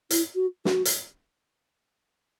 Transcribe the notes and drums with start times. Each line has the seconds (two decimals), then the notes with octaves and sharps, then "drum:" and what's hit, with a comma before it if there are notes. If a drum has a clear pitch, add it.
0.10 E4, drum: hi-hat
0.35 F#4
0.65 F#4, drum: snare
0.85 drum: hi-hat